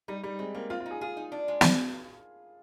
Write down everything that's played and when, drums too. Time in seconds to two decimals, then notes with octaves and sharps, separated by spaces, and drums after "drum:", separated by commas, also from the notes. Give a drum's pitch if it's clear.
0.08 G3 D#4
0.23 G3 D#4
0.39 G#3 C4
0.55 A#3 C4
0.70 C4 F4
0.80 F4
0.86 D#4
0.91 G#4
1.01 F4 G#4
1.17 D#4
1.32 D4
1.48 G#3
1.61 drum: snare